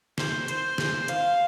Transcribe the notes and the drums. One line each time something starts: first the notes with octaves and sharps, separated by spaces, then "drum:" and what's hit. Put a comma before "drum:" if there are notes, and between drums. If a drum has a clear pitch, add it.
C5, drum: snare
C5, drum: hi-hat
drum: snare
F5, drum: hi-hat